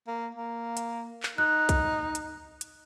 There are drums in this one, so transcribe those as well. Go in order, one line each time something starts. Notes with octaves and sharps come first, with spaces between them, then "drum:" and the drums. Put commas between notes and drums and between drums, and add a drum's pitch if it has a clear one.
A#3
A#3
drum: hi-hat
drum: clap
D#4 F#6
drum: kick, hi-hat
drum: hi-hat
drum: hi-hat